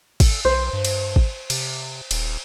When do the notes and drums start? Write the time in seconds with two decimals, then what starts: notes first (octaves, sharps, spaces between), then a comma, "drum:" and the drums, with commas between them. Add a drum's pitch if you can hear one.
0.20 A4, drum: kick G#1, cymbal
0.45 B1 C5
0.73 G2
0.85 drum: cymbal
1.16 drum: kick G#1
1.50 C3, drum: cymbal
2.11 D#1, drum: cymbal